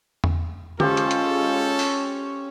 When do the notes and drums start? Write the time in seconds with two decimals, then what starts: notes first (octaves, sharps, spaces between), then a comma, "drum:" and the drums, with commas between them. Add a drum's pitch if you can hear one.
0.24 drum: tom E2
0.80 G#3 C#4 F4 G4 A4 C5 C#5 F5, drum: tom
0.97 drum: hi-hat
1.11 drum: hi-hat
1.79 drum: open hi-hat